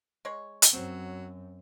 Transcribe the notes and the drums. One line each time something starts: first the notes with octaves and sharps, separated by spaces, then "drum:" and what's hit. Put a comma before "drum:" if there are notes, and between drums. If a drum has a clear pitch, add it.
G#3 C#5
drum: hi-hat
F#2 F#3 C4